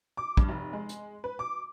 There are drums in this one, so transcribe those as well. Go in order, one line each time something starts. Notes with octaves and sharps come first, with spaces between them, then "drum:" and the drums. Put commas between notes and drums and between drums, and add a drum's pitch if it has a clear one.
D6
G2, drum: kick
F1
G#3
drum: hi-hat
B4
D6